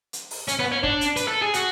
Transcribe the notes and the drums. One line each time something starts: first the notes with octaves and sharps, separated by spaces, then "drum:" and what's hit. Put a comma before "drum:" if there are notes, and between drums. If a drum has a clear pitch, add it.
drum: hi-hat
drum: open hi-hat
C#4, drum: hi-hat
B3
C#4
D4, drum: kick
drum: hi-hat
B4, drum: hi-hat
A4
G#4
F#4, drum: hi-hat